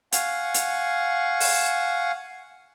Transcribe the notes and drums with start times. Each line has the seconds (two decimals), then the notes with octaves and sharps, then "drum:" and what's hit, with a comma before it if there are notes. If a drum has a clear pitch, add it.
0.12 F5 F#5 G#5 C#6, drum: hi-hat
0.54 drum: hi-hat
1.40 drum: open hi-hat